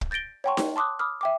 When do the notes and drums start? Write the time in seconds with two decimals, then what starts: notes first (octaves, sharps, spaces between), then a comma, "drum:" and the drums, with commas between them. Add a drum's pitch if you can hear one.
0.01 drum: kick
0.11 G6 A6 A#6 D7 G7
0.44 C#5 F#5 G5 A5 C6 C#6
0.57 drum: snare D#4
0.76 A5 C6 D6 D#6 F#6
0.99 B5 D6 D#6 F6
1.21 E5 G5 D6